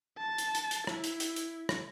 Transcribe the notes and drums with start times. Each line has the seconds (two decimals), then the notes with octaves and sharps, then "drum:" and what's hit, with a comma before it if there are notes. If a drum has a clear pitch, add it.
0.18 A5
0.38 drum: hi-hat
0.55 drum: hi-hat
0.71 drum: hi-hat
0.87 E4, drum: rim click
1.04 drum: hi-hat
1.20 drum: hi-hat
1.36 drum: hi-hat
1.69 drum: rim click